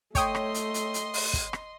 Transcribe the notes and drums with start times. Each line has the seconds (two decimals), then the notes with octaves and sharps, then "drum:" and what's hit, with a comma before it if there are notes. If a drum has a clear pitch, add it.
0.15 A3 C#5 D#5 G5 C6 D#6, drum: kick, hi-hat
0.35 drum: rim click
0.54 drum: hi-hat
0.74 drum: hi-hat
0.94 drum: hi-hat
1.14 drum: open hi-hat
1.33 drum: kick, hi-hat
1.53 drum: rim click